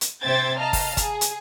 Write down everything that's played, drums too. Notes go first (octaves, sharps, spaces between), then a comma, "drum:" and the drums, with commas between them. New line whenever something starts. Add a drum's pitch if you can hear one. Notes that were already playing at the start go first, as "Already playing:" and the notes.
drum: hi-hat
C3 C5 E5 G5 G#6 A6
D#5 F5 A5 A#5 F6
drum: kick, open hi-hat
G#4, drum: kick, hi-hat
drum: hi-hat